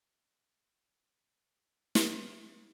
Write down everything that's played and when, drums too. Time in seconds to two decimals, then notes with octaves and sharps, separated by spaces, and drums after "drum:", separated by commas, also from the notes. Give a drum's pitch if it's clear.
0.22 D4 G4 C#5
1.95 drum: snare